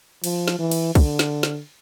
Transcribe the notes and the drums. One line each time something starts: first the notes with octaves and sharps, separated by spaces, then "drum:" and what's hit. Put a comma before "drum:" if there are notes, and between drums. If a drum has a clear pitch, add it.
F3, drum: cymbal
drum: snare
E3
drum: cymbal
D3, drum: kick B1, cymbal
drum: snare
drum: snare